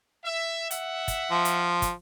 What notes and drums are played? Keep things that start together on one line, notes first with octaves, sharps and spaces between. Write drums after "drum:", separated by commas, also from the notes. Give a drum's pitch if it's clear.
E5
E5 F#5, drum: hi-hat
drum: kick, hi-hat
F3
drum: hi-hat
drum: kick, hi-hat